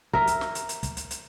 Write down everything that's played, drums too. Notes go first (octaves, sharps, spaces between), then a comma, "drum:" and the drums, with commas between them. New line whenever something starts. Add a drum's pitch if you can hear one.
A#4 E5, drum: kick
drum: hi-hat
drum: snare
drum: hi-hat
drum: hi-hat
drum: kick, hi-hat
drum: hi-hat
drum: hi-hat